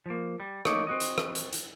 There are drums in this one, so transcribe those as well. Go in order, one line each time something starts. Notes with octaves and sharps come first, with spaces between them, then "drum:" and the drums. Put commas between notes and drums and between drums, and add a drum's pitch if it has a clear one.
F3 A#3
G3
A3 A#3 D#4 C#5 D5, drum: rim click
C4 F#4 D#5
drum: hi-hat
drum: rim click
drum: hi-hat
drum: hi-hat